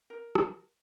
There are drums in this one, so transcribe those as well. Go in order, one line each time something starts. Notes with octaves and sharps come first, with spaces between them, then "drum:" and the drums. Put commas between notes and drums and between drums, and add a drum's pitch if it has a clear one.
A#4
drum: rim click